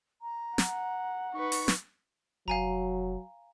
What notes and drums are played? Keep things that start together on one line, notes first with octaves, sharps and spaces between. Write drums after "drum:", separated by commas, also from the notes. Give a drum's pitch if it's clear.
A#5
F#5, drum: snare
D#4 B4 C#6
drum: open hi-hat
drum: snare
F1 F#3 F5 G#5 A#5